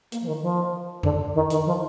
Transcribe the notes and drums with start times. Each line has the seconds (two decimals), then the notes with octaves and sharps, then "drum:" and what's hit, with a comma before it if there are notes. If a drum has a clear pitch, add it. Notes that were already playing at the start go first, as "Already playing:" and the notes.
0.12 A#3, drum: hi-hat
0.22 F3
0.27 D#3
0.42 F3
1.03 D3, drum: tom F2
1.35 D#3
1.50 D#3, drum: hi-hat
1.66 F3